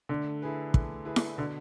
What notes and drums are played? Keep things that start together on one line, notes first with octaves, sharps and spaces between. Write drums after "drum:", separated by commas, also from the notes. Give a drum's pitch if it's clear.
D3 A3
E4 G#4 B4
A3, drum: kick
E4 G#4 B4
drum: snare E4
B2 D3